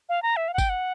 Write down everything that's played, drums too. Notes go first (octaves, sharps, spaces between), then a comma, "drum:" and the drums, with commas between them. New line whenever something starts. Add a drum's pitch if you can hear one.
F5
A#5
E5
F5
F#5
G5, drum: kick G1, tambourine
F#5